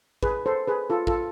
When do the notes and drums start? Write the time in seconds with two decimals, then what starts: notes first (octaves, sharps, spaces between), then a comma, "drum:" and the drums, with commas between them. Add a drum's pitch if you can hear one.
0.23 G#4 B4, drum: kick
0.46 A4 C5
0.67 G#4 B4
0.90 F4 A4
1.07 F4 A4, drum: kick